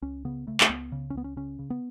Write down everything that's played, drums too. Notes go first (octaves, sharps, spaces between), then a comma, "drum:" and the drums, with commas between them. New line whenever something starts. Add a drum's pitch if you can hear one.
C#2 C#4
C#3 B3
C#3 A3
A3, drum: clap
C#2 B3
C#3
C#4
C#2 B3
C#4
C#3 C#4
C#3
B3